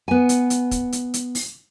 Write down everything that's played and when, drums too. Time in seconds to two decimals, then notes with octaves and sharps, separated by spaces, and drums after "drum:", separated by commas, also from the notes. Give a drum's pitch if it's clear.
0.08 B3 G#5
0.29 drum: hi-hat
0.50 drum: hi-hat
0.71 drum: kick, hi-hat
0.92 drum: hi-hat
1.14 drum: hi-hat
1.35 drum: open hi-hat